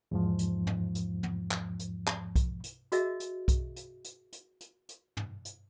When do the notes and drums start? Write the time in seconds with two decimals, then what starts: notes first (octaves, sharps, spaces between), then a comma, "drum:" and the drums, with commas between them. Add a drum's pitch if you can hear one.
0.11 E2 G#2 F3
0.39 drum: hi-hat
0.67 drum: tom
0.95 drum: hi-hat
1.23 drum: tom
1.51 drum: clap
1.79 drum: hi-hat
2.07 drum: clap
2.36 drum: kick B1, hi-hat
2.64 drum: hi-hat
2.92 F#4 G#4 A#4 D#5 E5, drum: hi-hat
3.20 drum: hi-hat
3.48 drum: kick B1, hi-hat
3.76 drum: hi-hat
4.04 drum: hi-hat
4.32 drum: hi-hat
4.61 drum: hi-hat
4.89 drum: hi-hat
5.17 drum: tom
5.45 drum: hi-hat